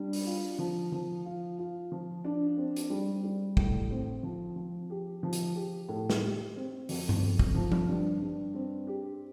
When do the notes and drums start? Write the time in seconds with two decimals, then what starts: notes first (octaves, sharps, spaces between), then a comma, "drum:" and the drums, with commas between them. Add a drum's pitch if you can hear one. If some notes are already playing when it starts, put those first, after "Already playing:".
Already playing: G3 D4
0.13 drum: open hi-hat
0.26 F4
0.59 F3
0.92 F3
1.25 F4
1.59 F4
1.92 F3
2.25 D4
2.57 C4
2.77 drum: hi-hat
2.90 G3
3.24 G3
3.57 A2, drum: kick
3.91 C4
4.23 F3
4.56 F3
4.90 G4
5.23 F3
5.33 drum: hi-hat
5.55 G4
5.89 A2
6.10 drum: snare
6.23 G4
6.56 C4
6.89 F2, drum: open hi-hat
7.09 drum: tom G2
7.21 F2
7.39 drum: kick
7.55 F3
7.72 drum: tom F3
7.88 G2
8.21 G2
8.54 C4
8.87 G4